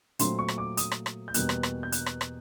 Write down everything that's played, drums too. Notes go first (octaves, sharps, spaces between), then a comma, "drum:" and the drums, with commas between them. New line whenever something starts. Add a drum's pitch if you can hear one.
A#2 F#3 A3 C4 C6, drum: hi-hat
C#6
drum: rim click
D6
D#6, drum: hi-hat
drum: rim click
drum: rim click
G6
E2 B2 G3 A#3 F#6, drum: hi-hat
drum: rim click
drum: rim click
G6
F#6, drum: hi-hat
drum: rim click
drum: rim click